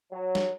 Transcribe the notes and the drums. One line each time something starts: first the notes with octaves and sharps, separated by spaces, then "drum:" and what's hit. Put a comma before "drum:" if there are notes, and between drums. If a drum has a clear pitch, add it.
F#3
drum: snare